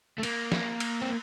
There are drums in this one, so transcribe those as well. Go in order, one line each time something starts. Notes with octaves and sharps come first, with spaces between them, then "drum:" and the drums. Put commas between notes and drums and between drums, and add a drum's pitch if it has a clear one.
A3
A#3, drum: cymbal
drum: snare
drum: cymbal
C4